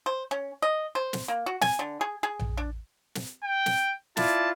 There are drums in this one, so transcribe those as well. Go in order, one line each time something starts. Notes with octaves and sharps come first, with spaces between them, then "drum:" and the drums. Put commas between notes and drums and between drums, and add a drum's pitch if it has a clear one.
C5
C#4
D#5
C5
drum: snare
A#3
F#4
G#5, drum: snare
D3
G#4
G#4
drum: tom A#1
D4
drum: snare
G5
drum: snare
E4 F4 D5 A5, drum: snare